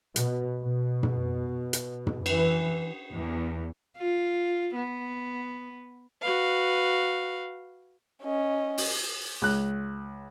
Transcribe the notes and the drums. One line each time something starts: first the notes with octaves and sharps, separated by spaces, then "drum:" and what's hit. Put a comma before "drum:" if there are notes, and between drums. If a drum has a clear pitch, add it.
B2, drum: hi-hat
B2
drum: tom
drum: hi-hat
drum: tom
E3, drum: cymbal
E2
F4
B3
F#4 B4 F5
C#4 D#5
drum: open hi-hat
C#2 F#6